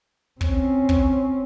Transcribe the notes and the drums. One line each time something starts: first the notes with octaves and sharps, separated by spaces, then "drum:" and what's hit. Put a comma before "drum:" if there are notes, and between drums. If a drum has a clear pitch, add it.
C4 C#4, drum: kick
drum: kick